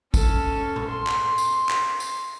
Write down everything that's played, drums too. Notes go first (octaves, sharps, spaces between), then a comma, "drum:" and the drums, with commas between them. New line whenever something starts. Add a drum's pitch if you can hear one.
C#4 A4, drum: kick, tambourine
drum: tom A2
C6
drum: clap
drum: tambourine
drum: clap
drum: tambourine